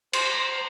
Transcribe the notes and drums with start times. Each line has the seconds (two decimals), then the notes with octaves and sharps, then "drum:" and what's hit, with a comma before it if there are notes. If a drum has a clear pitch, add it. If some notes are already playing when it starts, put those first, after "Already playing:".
0.13 C5, drum: cymbal
0.37 C5